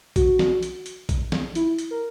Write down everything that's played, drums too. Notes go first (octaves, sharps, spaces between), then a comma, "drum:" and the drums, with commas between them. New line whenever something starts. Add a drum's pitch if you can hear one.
F#4, drum: kick A#1, hi-hat
drum: snare
drum: hi-hat
drum: hi-hat
drum: kick A#1, hi-hat
drum: snare
E4, drum: hi-hat
drum: hi-hat
A#4